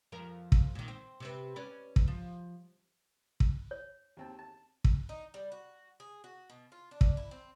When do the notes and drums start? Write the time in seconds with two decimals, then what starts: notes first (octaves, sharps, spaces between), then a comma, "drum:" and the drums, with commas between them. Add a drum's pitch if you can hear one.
0.12 F2 F3 A#4
0.52 drum: kick
0.75 A#2 D#3
0.88 C4
1.20 C3 C4 B4
1.56 C#4 B4 D5
1.96 drum: kick
2.08 F3
3.40 drum: kick
3.71 C#5
4.17 D#2 C4 A5
4.39 A5
4.84 drum: kick
5.09 D#4
5.34 G3
5.52 F#4
6.00 G#4
6.24 F#4
6.50 B2
6.72 F4
6.91 D4
7.01 drum: kick
7.17 E4
7.31 C4